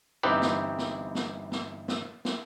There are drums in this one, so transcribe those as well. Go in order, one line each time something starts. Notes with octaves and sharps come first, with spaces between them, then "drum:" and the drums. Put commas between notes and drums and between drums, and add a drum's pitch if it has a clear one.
G1 E3 C4 D#4 G4 B4
drum: snare
drum: snare
drum: snare
drum: snare
drum: snare
drum: snare